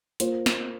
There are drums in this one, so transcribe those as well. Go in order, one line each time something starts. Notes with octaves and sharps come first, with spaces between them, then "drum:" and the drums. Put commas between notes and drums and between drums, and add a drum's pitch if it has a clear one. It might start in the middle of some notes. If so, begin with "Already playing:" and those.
A#3 F4 C5, drum: hi-hat
drum: snare